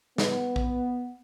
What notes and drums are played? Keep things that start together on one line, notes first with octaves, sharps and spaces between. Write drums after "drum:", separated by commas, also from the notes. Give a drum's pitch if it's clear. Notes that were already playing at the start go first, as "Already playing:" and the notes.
B3, drum: snare
drum: kick